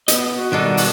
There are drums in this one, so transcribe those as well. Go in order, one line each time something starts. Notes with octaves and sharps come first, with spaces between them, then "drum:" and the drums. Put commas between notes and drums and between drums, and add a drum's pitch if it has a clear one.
B3 D#5, drum: hi-hat
F#4
B2 D#3 G3 D4 D#4 A4
drum: open hi-hat